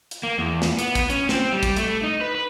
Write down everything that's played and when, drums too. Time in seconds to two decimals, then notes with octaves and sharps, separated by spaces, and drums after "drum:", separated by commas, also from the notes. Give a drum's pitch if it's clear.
0.11 drum: hi-hat
0.23 A#3
0.38 E2
0.62 drum: snare
0.79 B3, drum: hi-hat
0.95 drum: kick, hi-hat
1.10 C#4, drum: hi-hat
1.29 C4, drum: snare
1.53 G3
1.63 drum: kick, hi-hat
1.76 A3, drum: hi-hat
2.03 D#4
2.21 B4
2.35 B4